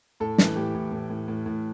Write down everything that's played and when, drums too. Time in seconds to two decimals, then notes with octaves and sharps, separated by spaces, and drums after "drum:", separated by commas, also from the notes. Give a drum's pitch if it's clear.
0.20 A2 A4
0.38 E3, drum: snare
0.56 A2 G4
0.75 A2
0.92 A2
1.10 A2
1.28 A2
1.46 A2